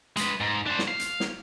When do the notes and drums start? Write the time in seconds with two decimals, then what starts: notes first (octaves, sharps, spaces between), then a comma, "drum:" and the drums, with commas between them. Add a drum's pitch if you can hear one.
0.17 G#3 B4, drum: hi-hat
0.40 G#2
0.66 D4 C5
0.79 drum: snare
0.88 F5
0.99 drum: hi-hat
1.20 drum: snare